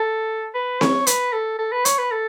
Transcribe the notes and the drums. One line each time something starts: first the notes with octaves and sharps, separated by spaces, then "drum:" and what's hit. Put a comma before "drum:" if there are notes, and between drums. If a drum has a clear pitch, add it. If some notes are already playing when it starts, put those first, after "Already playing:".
Already playing: A4
B4
C#5, drum: snare C4
B4, drum: hi-hat
A4
A4
B4
C#5, drum: hi-hat
B4
A4